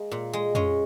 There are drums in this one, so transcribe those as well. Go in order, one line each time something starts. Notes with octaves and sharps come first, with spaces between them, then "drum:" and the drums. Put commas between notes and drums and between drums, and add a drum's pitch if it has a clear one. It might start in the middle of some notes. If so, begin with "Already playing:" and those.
Already playing: G#3 A#3
A#2
G#3
G#3 C#4, drum: tom F2